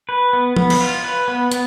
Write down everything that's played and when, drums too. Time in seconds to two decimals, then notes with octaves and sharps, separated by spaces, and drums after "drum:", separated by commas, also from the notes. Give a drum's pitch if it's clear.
0.09 B4
0.33 B3
0.56 B3, drum: tom F3
0.70 drum: cymbal
0.81 F4
1.04 B4
1.28 B3
1.52 B3, drum: hi-hat